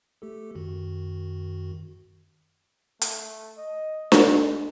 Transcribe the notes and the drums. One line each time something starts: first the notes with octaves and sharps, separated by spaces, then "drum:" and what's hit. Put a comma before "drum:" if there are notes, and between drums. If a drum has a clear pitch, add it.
A3 G4 A4
F#2 D#3 F#4
A3, drum: hi-hat
D#5
G#3, drum: snare D4